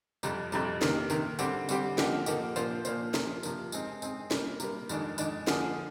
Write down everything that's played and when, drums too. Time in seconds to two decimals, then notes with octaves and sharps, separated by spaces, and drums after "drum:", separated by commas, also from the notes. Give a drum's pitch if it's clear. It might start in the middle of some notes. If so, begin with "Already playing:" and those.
0.23 F2 C3 G3, drum: tambourine
0.52 F2 C3 G3, drum: tambourine
0.82 C3 D#3 A#3, drum: snare
1.10 C3 D#3 A#3, drum: tambourine
1.39 D3 G3 C4 G4, drum: tambourine
1.69 D3 G3 C4 G4, drum: tambourine
1.98 D3 F3 A#3 D#4 G4, drum: snare
2.26 D3 F3 A#3 D#4 G4, drum: tambourine
2.56 A#2 F3 A#3 F4 C5, drum: tambourine
2.85 A#2 F3 A#3 F4 C5, drum: tambourine
3.14 C3 F3 A#3, drum: snare
3.43 C3 F3 A#3, drum: tambourine
3.72 G#3 C4 D#4 G#4, drum: tambourine
4.02 G#3 C4 D#4 G#4, drum: tambourine
4.31 C3 G3 A#3, drum: snare
4.60 C3 G3 A#3, drum: tambourine
4.89 F2 D#3 G#3 D4, drum: tambourine
5.18 F2 D#3 G#3 D4, drum: tambourine
5.47 D3 F3 A#3 D#4 G#4, drum: snare